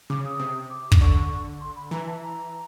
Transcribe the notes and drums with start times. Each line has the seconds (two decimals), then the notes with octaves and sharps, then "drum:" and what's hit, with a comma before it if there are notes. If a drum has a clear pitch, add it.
0.10 C#3 D6
0.25 D#6
0.39 C3
0.70 D6
0.92 drum: kick
1.01 D3 C#6
1.61 C6
1.76 B5
1.91 E3 A#5
2.07 A5
2.22 A#5